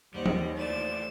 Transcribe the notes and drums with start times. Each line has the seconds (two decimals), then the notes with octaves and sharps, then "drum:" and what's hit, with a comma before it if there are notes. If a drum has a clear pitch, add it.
0.14 D#2 G3 C5 D#5 F#5
0.26 drum: tom E3
0.58 E3 F3 A3 C5 D5 A6 E7